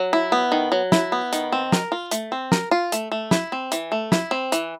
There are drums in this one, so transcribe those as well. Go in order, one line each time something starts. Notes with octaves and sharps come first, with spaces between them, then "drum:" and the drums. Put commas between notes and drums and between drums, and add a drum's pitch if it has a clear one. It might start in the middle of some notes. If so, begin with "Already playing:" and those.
Already playing: F#3
E4
B3
D#3
F#3
E4, drum: snare
B3
D#3, drum: hi-hat
C4
A#4, drum: snare
F4
A3, drum: hi-hat
C4
A#4, drum: snare
F4
A3, drum: hi-hat
A3
E4, drum: snare
C4
E3, drum: hi-hat
A3
E4, drum: snare
C4
E3, drum: hi-hat